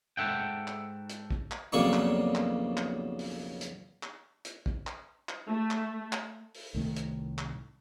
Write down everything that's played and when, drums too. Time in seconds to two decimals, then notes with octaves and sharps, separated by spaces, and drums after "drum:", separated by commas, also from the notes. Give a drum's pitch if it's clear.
0.17 G#2 A4 E5 F#5 G5
0.68 drum: clap
1.10 drum: hi-hat
1.30 drum: kick
1.51 drum: clap
1.72 B1 F2 C#3 A#3 D5 C#6
1.93 drum: clap
2.35 drum: clap
2.77 drum: clap
3.19 drum: open hi-hat
3.61 drum: hi-hat
4.03 drum: clap
4.45 drum: hi-hat
4.66 drum: kick
4.87 drum: clap
5.29 drum: clap
5.48 A3
5.71 drum: clap
6.13 drum: clap
6.55 drum: open hi-hat
6.74 C2 A2 D#3 A3
6.96 drum: hi-hat
7.38 drum: clap